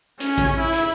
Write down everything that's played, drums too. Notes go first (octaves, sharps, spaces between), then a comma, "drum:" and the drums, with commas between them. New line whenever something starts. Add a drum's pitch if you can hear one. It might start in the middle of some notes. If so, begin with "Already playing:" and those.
C#4, drum: hi-hat
drum: kick A1, hi-hat
E4
drum: hi-hat